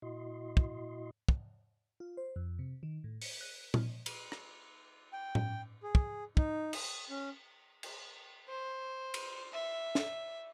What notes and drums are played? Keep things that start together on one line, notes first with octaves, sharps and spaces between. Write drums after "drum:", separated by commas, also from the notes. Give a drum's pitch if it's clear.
A#2 E4 F#4 D#5 C6
drum: kick
drum: kick
F4
C5
F2
C3
D#3
A2
C#7, drum: open hi-hat
F#6
F6, drum: tom A#2
drum: cymbal
drum: rim click
G5
drum: tom A2
G#4
drum: kick
D#4, drum: kick
D#6, drum: cymbal
C#4
drum: cymbal
C5
drum: cymbal
E5
drum: snare